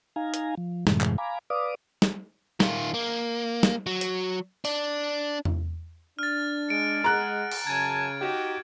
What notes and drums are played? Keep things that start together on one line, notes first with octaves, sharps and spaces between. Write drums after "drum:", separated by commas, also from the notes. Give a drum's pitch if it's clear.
D#4 F5 G#5 A#5
drum: hi-hat
F3
F#2 A2 C3 E3 G#3, drum: snare
drum: clap
F5 G#5 A#5 B5 D6
B4 D5 F5 D6 D#6
drum: snare
D#3 F4, drum: snare
A#3
drum: snare
F#3
drum: hi-hat
D4, drum: open hi-hat
drum: tom E2
D4 F6 A6
G#3 C#7 D7
G#4 F#5 A#5 F#6
drum: cymbal
F#2 C#3 G#5 A5 G#6
D#4 F#4 G4